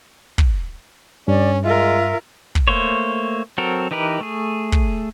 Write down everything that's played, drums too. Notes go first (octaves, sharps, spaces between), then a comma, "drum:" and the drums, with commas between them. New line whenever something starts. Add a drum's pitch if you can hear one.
drum: kick
G2 C#4 D5
G#3 F4 A#4 E5
drum: kick
A3 A#3 C5 C#5
F#3 C4 F#4 A4 A#4
E3 D#4 G4 A#4 B4
A3 G#4
drum: kick